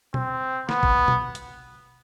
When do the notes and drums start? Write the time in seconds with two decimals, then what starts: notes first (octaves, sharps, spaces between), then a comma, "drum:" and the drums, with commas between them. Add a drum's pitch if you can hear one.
0.14 C4, drum: tom B2
0.69 B3, drum: snare
0.83 drum: kick G#1
1.08 drum: tom B2
1.35 drum: hi-hat